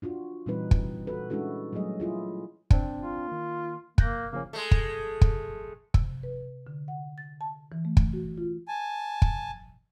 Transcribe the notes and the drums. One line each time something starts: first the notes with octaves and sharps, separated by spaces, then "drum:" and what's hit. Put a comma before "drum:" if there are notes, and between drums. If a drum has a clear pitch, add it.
D4 F4 F#4
A#2 E3 G3 C4 D#4 B4
drum: kick
F#4 A4 B4
G#3 C#4 D4 E4 F#4 A4
F#3 G3 A3 G#4 D#5
E4 F4 G#4
C4 D4, drum: kick
F4
D#3 A#3
A#3 F#6 G6 A#6, drum: kick
C#3 F3 A#3 C#4
G#3 A3
drum: kick
drum: kick
C3, drum: kick
B4
D3
F#5
A6
A5
E3
A3
drum: kick
F#4
F4
G#5 A5
drum: kick